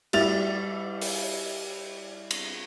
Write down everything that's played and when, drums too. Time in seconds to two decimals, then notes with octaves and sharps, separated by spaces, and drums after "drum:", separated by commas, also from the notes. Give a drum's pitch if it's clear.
0.13 G3 E4 A6 F7, drum: cymbal
1.02 drum: open hi-hat
2.31 drum: cymbal